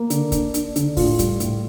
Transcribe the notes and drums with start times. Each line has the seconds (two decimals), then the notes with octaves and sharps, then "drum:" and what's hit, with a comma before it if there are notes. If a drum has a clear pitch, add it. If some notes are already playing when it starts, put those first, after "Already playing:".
Already playing: A#3
0.10 D3, drum: hi-hat
0.32 D4, drum: kick, hi-hat
0.54 D4, drum: hi-hat
0.76 D3, drum: hi-hat
0.97 A2 F4, drum: kick, open hi-hat
1.19 G3, drum: kick, hi-hat
1.40 A2, drum: hi-hat